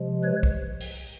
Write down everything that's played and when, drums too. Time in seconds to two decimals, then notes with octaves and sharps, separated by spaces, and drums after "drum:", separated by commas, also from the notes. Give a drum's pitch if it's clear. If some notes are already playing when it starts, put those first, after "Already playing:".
Already playing: C3 F3 G#3
0.23 B4 C#5
0.43 drum: kick
0.81 drum: open hi-hat